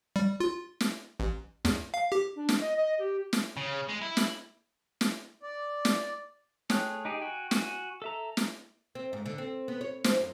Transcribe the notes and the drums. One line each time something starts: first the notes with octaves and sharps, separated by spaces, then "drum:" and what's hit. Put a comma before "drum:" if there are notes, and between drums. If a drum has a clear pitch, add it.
G3
F4
drum: snare
A1
E2, drum: snare
F5
G4
D4
drum: snare
D#5
D#5
G4
drum: snare
C#3
G#3
E4
drum: snare
drum: snare
D5
drum: snare
A3 G#4 C#5 G5 F#6, drum: snare
D#4 G4 G#4
F#4 G5 G#5
F#4 G#5, drum: snare
A4 E5 A#5
drum: snare
C4
G#2
D3
C4
B3
C#5
C5, drum: snare
F#2